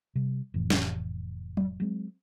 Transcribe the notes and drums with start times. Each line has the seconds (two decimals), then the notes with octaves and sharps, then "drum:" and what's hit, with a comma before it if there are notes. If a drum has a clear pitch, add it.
0.15 C3 G3
0.54 F1 A2 E3
0.70 drum: snare
1.57 drum: tom F#3
1.80 F#3 G#3 C4